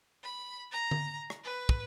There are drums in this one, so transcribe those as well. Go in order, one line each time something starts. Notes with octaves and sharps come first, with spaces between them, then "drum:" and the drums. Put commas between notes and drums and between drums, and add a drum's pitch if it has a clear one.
B5
A#5
drum: tom D3
drum: rim click
B4
drum: kick